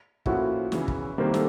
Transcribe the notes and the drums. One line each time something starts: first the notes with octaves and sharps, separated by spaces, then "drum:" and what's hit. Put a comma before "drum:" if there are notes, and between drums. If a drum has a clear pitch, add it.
A2 F3 A#3 C#4 E4 F#4, drum: kick
E2 C#3 E3, drum: snare
drum: kick
C3 D#3 G3 A#3 A#4 C5
A4, drum: snare